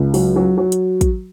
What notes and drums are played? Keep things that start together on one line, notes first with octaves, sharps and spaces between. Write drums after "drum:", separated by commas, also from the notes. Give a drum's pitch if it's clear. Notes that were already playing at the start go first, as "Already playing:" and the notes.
Already playing: C#2
F#3, drum: open hi-hat
F#3
F#3
drum: hi-hat
drum: kick, hi-hat